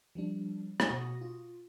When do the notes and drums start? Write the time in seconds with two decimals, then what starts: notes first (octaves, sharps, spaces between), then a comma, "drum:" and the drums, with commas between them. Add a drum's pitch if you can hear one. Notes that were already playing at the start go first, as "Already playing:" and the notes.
0.15 F3 G3 D4
0.80 drum: rim click
0.90 B2 F#4 C#6 D#6 A#6
1.21 F4